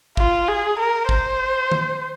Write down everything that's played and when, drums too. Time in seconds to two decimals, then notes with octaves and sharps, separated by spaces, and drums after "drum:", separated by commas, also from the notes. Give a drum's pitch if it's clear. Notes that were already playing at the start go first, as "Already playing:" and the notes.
0.17 F4, drum: kick
0.48 G#4
0.79 A#4
1.09 C5, drum: kick
1.71 drum: tom D#3